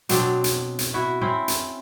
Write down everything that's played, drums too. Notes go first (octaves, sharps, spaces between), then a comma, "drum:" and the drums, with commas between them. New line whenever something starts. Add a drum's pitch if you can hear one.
B2 F#3 C4 D4, drum: hi-hat
drum: hi-hat
drum: hi-hat
E4 F#4
C4 C#4 E4
drum: hi-hat